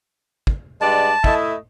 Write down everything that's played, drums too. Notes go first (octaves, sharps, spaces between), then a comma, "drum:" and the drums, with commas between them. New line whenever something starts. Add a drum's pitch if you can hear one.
drum: kick
G2 G#3 D5 A5
A3 E4 D#5, drum: kick